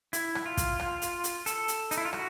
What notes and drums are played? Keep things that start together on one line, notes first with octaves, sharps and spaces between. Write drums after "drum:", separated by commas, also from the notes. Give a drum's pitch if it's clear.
E4, drum: hi-hat
drum: rim click
F4
drum: kick, hi-hat
drum: rim click
drum: hi-hat
drum: hi-hat
A4, drum: hi-hat
drum: hi-hat
D#4, drum: hi-hat
E4
F4
F#4, drum: rim click